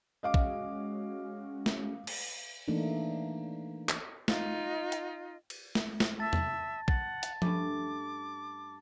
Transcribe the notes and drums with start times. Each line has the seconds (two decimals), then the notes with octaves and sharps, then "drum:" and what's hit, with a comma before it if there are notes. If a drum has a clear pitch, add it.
0.23 G#3 C#4 F#4 D#5 F5 D6
0.34 drum: kick
1.66 drum: snare
2.07 drum: cymbal
2.68 E3 A3 A#3 D4 D#4
3.89 drum: clap
4.28 D#4 F4 D#5, drum: snare
4.92 drum: hi-hat
5.50 drum: cymbal
5.75 drum: snare
6.00 drum: snare
6.20 E5 A5 A6
6.33 drum: tom E2
6.88 F#5 A6, drum: kick
7.23 drum: hi-hat
7.42 G2 A3 C#4 D6, drum: tom F3